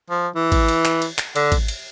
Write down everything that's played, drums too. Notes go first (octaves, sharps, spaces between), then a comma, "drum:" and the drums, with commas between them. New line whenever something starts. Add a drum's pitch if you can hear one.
F3
E3
drum: kick G#1, cymbal
drum: cymbal
drum: clap
drum: cymbal
drum: clap
D3, drum: cymbal
drum: kick G#1, cymbal
drum: cymbal